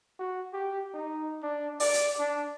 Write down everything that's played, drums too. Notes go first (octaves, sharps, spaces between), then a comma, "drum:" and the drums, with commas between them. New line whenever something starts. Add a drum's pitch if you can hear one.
F#4
G4
D#4
D4
D5, drum: open hi-hat
drum: hi-hat
D4